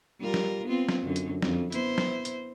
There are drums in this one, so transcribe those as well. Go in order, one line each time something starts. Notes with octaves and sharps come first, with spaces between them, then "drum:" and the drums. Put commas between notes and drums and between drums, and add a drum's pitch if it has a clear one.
G3 F4 A#4
drum: snare
B3 C4 F4
drum: snare
F#2 D3
drum: hi-hat
F2, drum: snare
B3 E4 C5, drum: hi-hat
drum: snare
drum: hi-hat